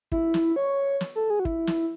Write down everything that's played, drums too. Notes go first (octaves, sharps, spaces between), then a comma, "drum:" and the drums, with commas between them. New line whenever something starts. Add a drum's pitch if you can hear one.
E4, drum: kick
drum: snare
C#5
drum: snare
A4
G#4
F#4
E4, drum: kick
drum: snare